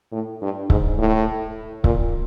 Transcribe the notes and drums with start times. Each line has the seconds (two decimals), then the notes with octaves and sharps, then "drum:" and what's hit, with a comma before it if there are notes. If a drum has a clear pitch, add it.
0.12 A2
0.42 G2
0.70 G#2, drum: kick C#1
0.98 A2
1.84 A#2, drum: kick C#1